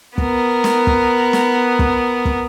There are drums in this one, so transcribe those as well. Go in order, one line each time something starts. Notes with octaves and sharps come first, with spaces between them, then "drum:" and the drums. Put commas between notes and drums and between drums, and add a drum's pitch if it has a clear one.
B3 A#4, drum: kick
drum: snare
drum: kick
drum: snare
drum: kick
drum: kick